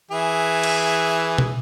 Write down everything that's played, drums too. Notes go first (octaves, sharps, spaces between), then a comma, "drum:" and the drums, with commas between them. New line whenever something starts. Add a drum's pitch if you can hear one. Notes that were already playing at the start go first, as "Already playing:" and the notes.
E3 G#4 E5
drum: cymbal
drum: tom B2